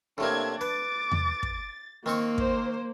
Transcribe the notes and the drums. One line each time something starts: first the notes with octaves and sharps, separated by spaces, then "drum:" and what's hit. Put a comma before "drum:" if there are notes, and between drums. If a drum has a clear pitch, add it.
A2 C3 A#3 D4 G#6
B4 D6 A6
drum: tom E2
drum: kick
D#3 A#3 C4 C#6
C5, drum: kick